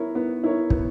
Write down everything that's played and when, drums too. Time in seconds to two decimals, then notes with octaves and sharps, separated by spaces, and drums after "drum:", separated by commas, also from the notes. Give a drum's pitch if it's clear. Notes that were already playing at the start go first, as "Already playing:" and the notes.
Already playing: B3 E4 A#4 C#5
0.15 B3
0.44 E4 A#4 C#5
0.70 B3, drum: kick